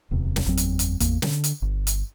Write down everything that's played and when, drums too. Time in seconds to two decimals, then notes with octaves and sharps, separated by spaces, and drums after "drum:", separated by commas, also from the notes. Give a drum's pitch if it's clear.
0.11 D1 E2 C3
0.36 drum: snare
0.46 F#1 E2 F#3 C4
0.57 drum: hi-hat
0.79 drum: hi-hat
1.00 G#1 E2 A#3, drum: hi-hat
1.22 D3, drum: snare
1.44 drum: hi-hat
1.62 G1
1.87 drum: hi-hat